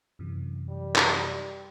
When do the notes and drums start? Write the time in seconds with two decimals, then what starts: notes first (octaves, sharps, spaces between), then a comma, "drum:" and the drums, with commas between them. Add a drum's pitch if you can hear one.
0.19 F#2 C3 E3
0.70 G3
0.95 drum: clap